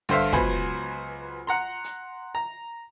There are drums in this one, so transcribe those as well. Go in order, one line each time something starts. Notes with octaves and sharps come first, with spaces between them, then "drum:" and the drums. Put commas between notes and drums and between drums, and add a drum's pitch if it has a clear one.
G2 D3 C5 E5 F5, drum: snare
C#2 F#3 B3 C5 G#5 B5, drum: kick
F#5 A#5 C6
drum: hi-hat
A#5